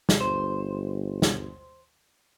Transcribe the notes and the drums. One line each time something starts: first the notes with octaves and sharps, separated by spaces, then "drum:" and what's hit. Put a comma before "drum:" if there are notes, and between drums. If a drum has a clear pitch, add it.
drum: snare
G1 C5
drum: snare